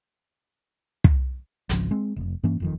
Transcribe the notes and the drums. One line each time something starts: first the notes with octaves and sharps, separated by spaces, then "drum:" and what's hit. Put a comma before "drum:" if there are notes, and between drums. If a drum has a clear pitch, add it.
drum: kick
G#1 C#2 F3, drum: hi-hat
G#3 C4
F1
G2 E3 A#3 C#4
F#1 F2 D#3